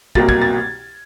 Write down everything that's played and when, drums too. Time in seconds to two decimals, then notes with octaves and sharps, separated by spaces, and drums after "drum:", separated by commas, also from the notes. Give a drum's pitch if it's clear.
0.15 C2 B2 F#3 A#3 A6, drum: kick
0.29 G#6, drum: kick
0.42 A6